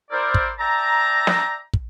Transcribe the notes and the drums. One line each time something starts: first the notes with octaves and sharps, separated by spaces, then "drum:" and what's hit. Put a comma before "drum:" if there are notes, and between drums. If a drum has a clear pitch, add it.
E4 A#4 C5 D5
drum: kick
D5 E5 G5 A5 A#5
drum: snare
drum: kick